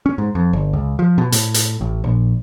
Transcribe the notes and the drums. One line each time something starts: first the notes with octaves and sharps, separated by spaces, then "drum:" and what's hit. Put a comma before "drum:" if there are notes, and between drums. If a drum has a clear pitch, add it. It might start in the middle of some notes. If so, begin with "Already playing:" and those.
C#4
G#2
F2
G1
C#2
F3
B2
A2, drum: hi-hat
drum: hi-hat
A1
A#1